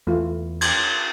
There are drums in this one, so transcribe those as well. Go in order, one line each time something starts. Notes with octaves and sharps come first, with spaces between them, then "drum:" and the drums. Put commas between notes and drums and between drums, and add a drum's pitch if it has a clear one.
E2 A3 F4
G#6, drum: cymbal